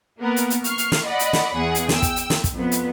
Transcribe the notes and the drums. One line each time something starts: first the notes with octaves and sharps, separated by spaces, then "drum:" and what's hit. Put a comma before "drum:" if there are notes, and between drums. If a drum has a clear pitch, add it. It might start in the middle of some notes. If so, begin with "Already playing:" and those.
A#3 B3 A#4
drum: hi-hat
drum: hi-hat
C#6 F6 C7, drum: hi-hat
drum: hi-hat
drum: snare
D5 D#5 F#5 B5
drum: hi-hat
drum: snare
E2 G#4 F#5
drum: hi-hat
G5 E6, drum: snare
drum: kick, hi-hat
drum: hi-hat
drum: snare
drum: kick, hi-hat
F2 B3
drum: hi-hat